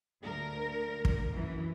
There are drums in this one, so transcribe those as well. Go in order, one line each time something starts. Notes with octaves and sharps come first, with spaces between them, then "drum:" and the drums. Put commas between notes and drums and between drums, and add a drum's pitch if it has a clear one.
D2 A#4
drum: kick
F#2 E3